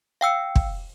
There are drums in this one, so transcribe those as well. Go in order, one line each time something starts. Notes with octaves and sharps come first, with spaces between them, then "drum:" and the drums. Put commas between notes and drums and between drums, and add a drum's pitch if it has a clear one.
F5 G5 E6 C#7
drum: kick